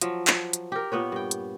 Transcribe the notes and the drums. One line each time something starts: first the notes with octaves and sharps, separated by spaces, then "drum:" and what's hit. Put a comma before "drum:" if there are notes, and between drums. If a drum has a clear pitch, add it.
F3 F#3, drum: hi-hat
drum: clap
drum: hi-hat
G4 A#4
A#2 B3 B4 C#5
G2 G5
drum: hi-hat